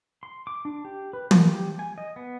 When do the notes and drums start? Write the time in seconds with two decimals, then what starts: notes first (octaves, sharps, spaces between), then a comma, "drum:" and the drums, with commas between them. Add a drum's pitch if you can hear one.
0.23 C6
0.47 D6
0.65 D4
0.85 G4
1.13 B4
1.31 A#3, drum: tom
1.49 G4
1.79 G#5
1.98 D#5
2.16 B3